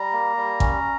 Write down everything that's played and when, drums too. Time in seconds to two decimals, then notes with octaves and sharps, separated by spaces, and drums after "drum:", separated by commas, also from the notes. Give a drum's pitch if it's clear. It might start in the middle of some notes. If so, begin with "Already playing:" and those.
Already playing: G3 A#5
0.13 A#3
0.37 G3
0.60 C#4, drum: kick A1